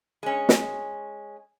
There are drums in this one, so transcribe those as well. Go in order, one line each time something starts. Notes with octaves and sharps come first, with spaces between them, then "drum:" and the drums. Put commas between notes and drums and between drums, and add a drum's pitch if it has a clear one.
G#3 C#4
drum: snare